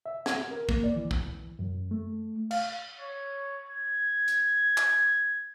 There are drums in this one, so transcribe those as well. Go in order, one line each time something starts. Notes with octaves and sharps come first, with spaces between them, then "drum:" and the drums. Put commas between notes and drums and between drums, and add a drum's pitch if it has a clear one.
E5
G#6, drum: snare
A#4
A#3, drum: kick
D5
E3
drum: kick
F#2
A3
F5, drum: cymbal
C#5
G#6
drum: hi-hat
drum: clap